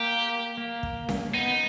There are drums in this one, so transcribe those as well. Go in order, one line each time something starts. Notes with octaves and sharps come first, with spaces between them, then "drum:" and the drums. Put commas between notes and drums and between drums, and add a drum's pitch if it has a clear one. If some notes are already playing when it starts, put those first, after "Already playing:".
Already playing: A#3 G4
A#3
drum: kick
drum: snare C#4
B3 D#4